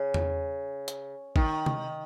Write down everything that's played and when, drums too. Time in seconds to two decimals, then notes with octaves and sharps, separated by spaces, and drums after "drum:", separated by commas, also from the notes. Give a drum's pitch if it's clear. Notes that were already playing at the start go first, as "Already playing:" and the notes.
Already playing: C#3
0.14 drum: tom E2
0.88 drum: hi-hat
1.36 D#3, drum: kick
1.66 drum: tom C3